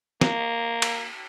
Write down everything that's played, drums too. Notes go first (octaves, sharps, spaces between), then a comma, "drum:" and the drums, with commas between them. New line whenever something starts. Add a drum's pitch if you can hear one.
A#3, drum: snare
drum: cymbal